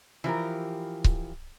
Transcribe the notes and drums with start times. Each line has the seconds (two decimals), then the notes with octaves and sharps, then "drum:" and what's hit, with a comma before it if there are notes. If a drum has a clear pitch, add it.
0.24 E3 F3 G4 A#4
1.04 drum: kick C#1